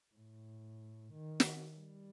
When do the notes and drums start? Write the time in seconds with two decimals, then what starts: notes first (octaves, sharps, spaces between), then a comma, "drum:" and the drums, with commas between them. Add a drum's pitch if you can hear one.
0.15 A2
1.13 D#3
1.40 drum: snare
1.78 G3